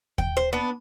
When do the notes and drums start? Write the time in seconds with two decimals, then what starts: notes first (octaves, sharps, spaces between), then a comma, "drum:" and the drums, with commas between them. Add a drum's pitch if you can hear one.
0.18 G5, drum: kick D#2
0.37 C5
0.53 B3 D4